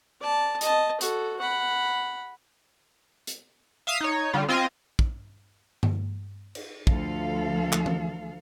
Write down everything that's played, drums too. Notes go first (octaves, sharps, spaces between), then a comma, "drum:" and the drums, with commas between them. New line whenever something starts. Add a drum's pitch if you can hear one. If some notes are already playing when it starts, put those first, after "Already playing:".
D5 A5
D#5 A5, drum: hi-hat
F#4 A4, drum: hi-hat
F#5 B5
drum: hi-hat
E5 F5 D#6 C7
D#4 C#5
D3 G3 F4
C4 F4 D#5 G#5
drum: kick
drum: tom G2
drum: cymbal
D2 F3 A4 F5, drum: kick
drum: clap
drum: tom E3